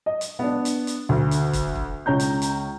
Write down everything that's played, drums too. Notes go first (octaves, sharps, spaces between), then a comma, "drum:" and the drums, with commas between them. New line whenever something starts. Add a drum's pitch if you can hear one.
D#5
drum: hi-hat
B3 D4
drum: hi-hat
drum: hi-hat
D2
drum: hi-hat
drum: kick, hi-hat
drum: kick
C#2 C#4 A#5 G6
drum: hi-hat
drum: hi-hat